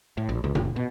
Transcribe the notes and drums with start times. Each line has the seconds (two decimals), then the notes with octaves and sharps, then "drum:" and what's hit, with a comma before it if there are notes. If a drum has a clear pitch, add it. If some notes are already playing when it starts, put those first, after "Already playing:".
0.17 A2
0.29 A#1
0.44 C#2
0.55 F#1, drum: tom A#2
0.76 B2